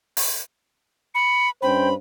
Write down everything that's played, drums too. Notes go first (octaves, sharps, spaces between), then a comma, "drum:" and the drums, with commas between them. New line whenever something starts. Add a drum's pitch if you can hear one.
drum: open hi-hat
B5 C#7
G2 C#4 C5 G5 B5